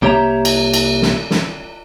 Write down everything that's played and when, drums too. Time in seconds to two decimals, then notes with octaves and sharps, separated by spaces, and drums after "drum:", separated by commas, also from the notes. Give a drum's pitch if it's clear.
0.02 C2 A#3 G4 C#5 E5 A#5
0.45 drum: cymbal
0.74 drum: cymbal
1.02 drum: snare
1.31 drum: snare